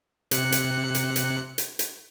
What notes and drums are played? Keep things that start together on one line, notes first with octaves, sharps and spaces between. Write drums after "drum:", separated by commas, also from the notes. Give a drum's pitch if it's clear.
C3 F#6 C#7, drum: hi-hat
drum: hi-hat
drum: hi-hat
drum: hi-hat
drum: hi-hat
drum: hi-hat